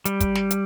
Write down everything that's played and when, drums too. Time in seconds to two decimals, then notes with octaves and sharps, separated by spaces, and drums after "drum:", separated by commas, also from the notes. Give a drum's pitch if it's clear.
0.05 G3, drum: hi-hat
0.20 drum: kick, hi-hat
0.36 drum: snare
0.51 drum: hi-hat